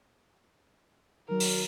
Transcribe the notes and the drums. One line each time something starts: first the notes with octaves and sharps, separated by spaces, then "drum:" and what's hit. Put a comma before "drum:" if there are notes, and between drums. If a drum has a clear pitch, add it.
D#3 F#3 A#4
drum: open hi-hat